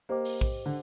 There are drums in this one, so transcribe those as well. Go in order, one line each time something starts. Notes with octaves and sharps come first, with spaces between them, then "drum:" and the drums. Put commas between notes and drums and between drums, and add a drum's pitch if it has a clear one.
A#3 G4 C5 D#5 G5 D6
drum: open hi-hat
drum: kick
D3